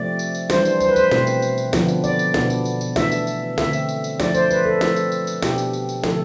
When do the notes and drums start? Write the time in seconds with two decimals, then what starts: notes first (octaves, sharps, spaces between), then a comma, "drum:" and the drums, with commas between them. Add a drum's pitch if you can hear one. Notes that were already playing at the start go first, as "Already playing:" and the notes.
Already playing: C3 F3 A3 C4 D5
0.19 drum: tambourine
0.34 drum: tambourine
0.50 E3 G3 D4 C5, drum: snare
0.65 drum: tambourine
0.80 C5, drum: tambourine
0.89 B4
0.96 C5, drum: tambourine
1.11 B2 A3 C4, drum: snare
1.27 drum: tambourine
1.42 drum: tambourine
1.58 drum: tambourine
1.73 D3 F3 B3 D4, drum: snare
1.88 drum: tambourine
2.04 D5, drum: tambourine
2.19 drum: tambourine
2.34 B2 B3 D4, drum: snare
2.50 drum: tambourine
2.65 drum: tambourine
2.81 drum: tambourine
2.96 E3 A3 D4 E5, drum: snare
3.12 drum: tambourine
3.27 drum: tambourine
3.58 D3 A3 C4 E5, drum: snare
3.73 drum: tambourine
3.89 drum: tambourine
4.04 drum: tambourine
4.20 F3 A3 D4 D5, drum: snare
4.34 C5, drum: tambourine
4.51 B4, drum: tambourine
4.65 A4
4.81 F3 A3 C4, drum: snare
4.96 drum: tambourine
5.12 drum: tambourine
5.27 drum: tambourine
5.43 B2 B3 D4 G4, drum: snare
5.58 drum: tambourine
5.73 drum: tambourine
5.89 drum: tambourine
6.04 D3 F3 A3 C4 A4, drum: snare